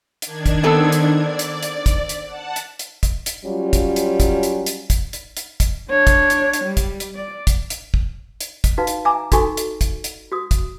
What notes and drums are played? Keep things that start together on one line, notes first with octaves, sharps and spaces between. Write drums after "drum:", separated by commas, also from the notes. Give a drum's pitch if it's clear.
D#3 D4 G#6, drum: hi-hat
drum: kick, hi-hat
B3 C4 A4
drum: hi-hat
D5
drum: hi-hat
drum: hi-hat
drum: kick, hi-hat
drum: hi-hat
F#5 A5
drum: hi-hat
drum: hi-hat
drum: kick, hi-hat
drum: hi-hat
F#3 G3 C#4 F4
drum: kick, hi-hat
drum: hi-hat
drum: kick, hi-hat
drum: hi-hat
drum: hi-hat
drum: kick, hi-hat
drum: hi-hat
drum: hi-hat
drum: kick, hi-hat
D4 C#5
drum: kick, hi-hat
drum: hi-hat
drum: hi-hat
G3
drum: kick, hi-hat
drum: hi-hat
D5
drum: kick, hi-hat
drum: hi-hat
drum: kick
drum: hi-hat
drum: kick, hi-hat
D#4 F#4 B4 F5 A5
drum: hi-hat
E5 G#5 A#5 D6
D#4 F#4 A4 G#5 C#6, drum: kick, hi-hat
drum: hi-hat
drum: kick, hi-hat
drum: hi-hat
F#4 D#6
drum: kick, hi-hat